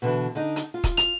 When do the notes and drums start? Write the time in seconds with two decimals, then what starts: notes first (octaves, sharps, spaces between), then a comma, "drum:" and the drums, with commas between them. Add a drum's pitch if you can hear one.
0.02 B2 D3 E3
0.35 D3 D#4
0.56 drum: hi-hat
0.74 F4
0.84 drum: kick, hi-hat
0.97 F7, drum: hi-hat